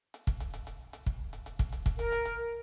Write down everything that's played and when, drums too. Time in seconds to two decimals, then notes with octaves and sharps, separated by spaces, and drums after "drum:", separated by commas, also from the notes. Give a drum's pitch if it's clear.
0.14 drum: hi-hat
0.27 drum: kick, hi-hat
0.40 drum: hi-hat
0.54 drum: hi-hat
0.67 drum: hi-hat
0.93 drum: hi-hat
1.06 drum: kick
1.33 drum: hi-hat
1.46 drum: hi-hat
1.59 drum: kick, hi-hat
1.72 drum: hi-hat
1.86 drum: kick, hi-hat
1.99 A#4, drum: hi-hat
2.12 drum: hi-hat
2.25 drum: hi-hat